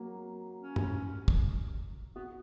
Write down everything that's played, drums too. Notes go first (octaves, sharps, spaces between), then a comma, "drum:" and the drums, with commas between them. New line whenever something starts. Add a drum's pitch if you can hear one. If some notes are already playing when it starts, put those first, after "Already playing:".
Already playing: F#3 A#3
C#4
drum: tom
drum: kick
B3 F#4